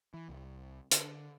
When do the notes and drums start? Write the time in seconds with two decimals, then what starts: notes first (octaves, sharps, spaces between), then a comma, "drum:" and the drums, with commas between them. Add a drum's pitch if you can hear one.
0.14 E3
0.29 C2
0.92 D3, drum: hi-hat